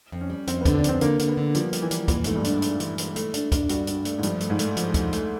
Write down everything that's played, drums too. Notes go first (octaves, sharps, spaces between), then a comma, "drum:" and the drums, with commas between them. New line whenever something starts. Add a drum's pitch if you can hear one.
F2
C#4
G3
F2 C4, drum: hi-hat
B3
D3, drum: kick, hi-hat
D4
F2 C4, drum: hi-hat
D3 A#3, drum: hi-hat
D3, drum: hi-hat
B3
D3
F3 G3, drum: hi-hat
G3, drum: hi-hat
E3
G3, drum: hi-hat
A#2 E3, drum: kick, hi-hat
G#2 A3, drum: hi-hat
G2
D4, drum: hi-hat
A3, drum: hi-hat
E3, drum: hi-hat
E3, drum: hi-hat
A3, drum: hi-hat
D4, drum: hi-hat
D4, drum: kick, hi-hat
G2 F#4, drum: hi-hat
D4, drum: hi-hat
A3, drum: hi-hat
G#2
G2 F3, drum: hi-hat
A3, drum: hi-hat
G#2
A3, drum: hi-hat
F3, drum: hi-hat
A3, drum: kick, hi-hat
A3, drum: hi-hat